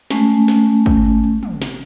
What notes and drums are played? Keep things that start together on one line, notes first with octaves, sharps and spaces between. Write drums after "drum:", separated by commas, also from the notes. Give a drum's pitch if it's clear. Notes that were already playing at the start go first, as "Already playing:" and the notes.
G#3 A3 C#4, drum: snare
drum: hi-hat
drum: snare
drum: hi-hat
drum: kick, hi-hat
drum: hi-hat
drum: hi-hat
drum: tom
drum: snare